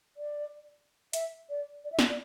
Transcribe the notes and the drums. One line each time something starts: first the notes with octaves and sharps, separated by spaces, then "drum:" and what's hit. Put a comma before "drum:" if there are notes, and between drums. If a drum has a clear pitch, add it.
D5
E5, drum: hi-hat
D5
D5
E5
D5, drum: snare
D5